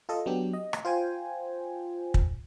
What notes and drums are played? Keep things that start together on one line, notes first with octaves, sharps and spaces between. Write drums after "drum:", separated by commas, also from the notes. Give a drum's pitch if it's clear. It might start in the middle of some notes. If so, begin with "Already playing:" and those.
F4 A4 D#5
F#3 B3 D4 G4
D#5
drum: rim click
F4 C5 G5 G#5
drum: kick